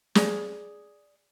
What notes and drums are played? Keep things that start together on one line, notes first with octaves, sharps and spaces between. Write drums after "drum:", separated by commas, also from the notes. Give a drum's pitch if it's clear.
G#4 D5, drum: snare